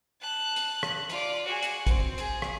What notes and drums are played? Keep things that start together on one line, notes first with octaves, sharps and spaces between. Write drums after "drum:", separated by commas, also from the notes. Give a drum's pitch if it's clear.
A5 F#6
drum: hi-hat
drum: rim click
F4 D5, drum: hi-hat
F#4 G#4
drum: hi-hat
C4, drum: kick, hi-hat
G#4, drum: hi-hat
drum: rim click